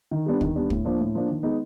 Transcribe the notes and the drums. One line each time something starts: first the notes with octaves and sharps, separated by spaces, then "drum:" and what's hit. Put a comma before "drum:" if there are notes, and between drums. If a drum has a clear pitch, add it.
D#3
G3 B3 D4
D#3, drum: kick
G3 B3 D4
A2, drum: kick
F3 A#3 D4
A2
F3 A#3 D4
D#3
G#3 B3 D#4